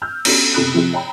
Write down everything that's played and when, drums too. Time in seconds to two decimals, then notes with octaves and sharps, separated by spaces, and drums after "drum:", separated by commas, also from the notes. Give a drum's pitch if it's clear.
0.02 E6 F6 G6
0.25 B3 C#4 D4 F#4 G4 A4, drum: cymbal
0.54 F#1 C3 A4 B5 D#6 F#6
0.74 C3 F3 C4 E4 G#4
0.93 C#5 G5 A#5 B5